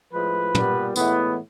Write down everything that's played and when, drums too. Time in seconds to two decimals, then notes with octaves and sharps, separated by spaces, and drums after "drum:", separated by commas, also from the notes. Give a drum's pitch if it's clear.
0.13 A2 F3 G#3 B4
0.55 A#2 G3 B3, drum: tom
0.96 A2 E3 G#3 B3, drum: tambourine